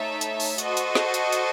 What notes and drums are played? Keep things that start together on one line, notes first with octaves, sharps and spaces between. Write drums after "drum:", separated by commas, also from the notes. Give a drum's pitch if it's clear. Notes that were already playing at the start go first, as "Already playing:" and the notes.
Already playing: A3 D#4 A4 C#5 E5
drum: hi-hat
drum: open hi-hat
F#4 A4 C5 D#5, drum: hi-hat
drum: hi-hat
drum: snare
drum: hi-hat
drum: hi-hat